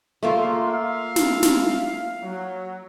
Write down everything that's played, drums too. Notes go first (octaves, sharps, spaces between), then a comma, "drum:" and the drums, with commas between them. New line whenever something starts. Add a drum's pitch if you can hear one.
C#3 A3 A#3 F4 A#4 C6
E5 F5
drum: snare
drum: snare
F#3